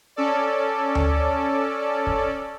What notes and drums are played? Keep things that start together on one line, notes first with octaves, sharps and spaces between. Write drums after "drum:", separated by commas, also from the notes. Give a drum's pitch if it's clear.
C#4 A4 D5
drum: tom D2
drum: kick